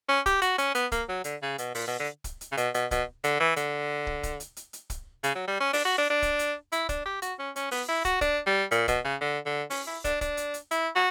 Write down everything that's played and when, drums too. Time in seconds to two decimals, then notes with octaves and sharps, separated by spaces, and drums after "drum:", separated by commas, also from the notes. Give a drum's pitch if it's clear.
0.08 C#4
0.26 G4, drum: kick, hi-hat
0.42 F#4, drum: hi-hat
0.58 C#4, drum: hi-hat
0.75 B3, drum: hi-hat
0.92 A#3, drum: kick, hi-hat
1.08 F#3
1.24 D3, drum: hi-hat
1.42 C#3
1.58 B2, drum: hi-hat
1.75 A#2, drum: open hi-hat
1.87 B2
1.99 D3
2.24 drum: kick, hi-hat
2.41 drum: hi-hat
2.52 C#3
2.57 B2, drum: hi-hat
2.74 B2, drum: hi-hat
2.91 B2, drum: kick, hi-hat
3.24 D3, drum: hi-hat
3.40 E3
3.56 D3, drum: hi-hat
4.07 drum: kick
4.23 drum: kick, hi-hat
4.40 drum: hi-hat
4.57 drum: hi-hat
4.73 drum: hi-hat
4.90 drum: kick, hi-hat
5.23 C#3, drum: hi-hat
5.35 F#3
5.48 G3
5.60 C#4
5.73 D4, drum: open hi-hat
5.85 F#4
5.98 D4
6.10 D4
6.22 drum: kick, hi-hat
6.39 drum: hi-hat
6.72 E4, drum: hi-hat
6.89 D4, drum: kick, hi-hat
7.05 G4
7.22 F#4, drum: hi-hat
7.39 C#4
7.56 C#4, drum: hi-hat
7.71 B3, drum: open hi-hat
7.89 E4
8.05 F#4, drum: kick, hi-hat
8.21 D4, drum: kick, hi-hat
8.47 G3
8.71 A#2, drum: hi-hat
8.88 B2, drum: kick, hi-hat
9.04 C#3
9.21 D3
9.46 D3
9.70 C#4, drum: open hi-hat
9.87 E4
10.04 D4, drum: kick, hi-hat
10.21 D4, drum: kick, hi-hat
10.37 drum: hi-hat
10.54 drum: hi-hat
10.71 E4, drum: hi-hat
10.95 F#4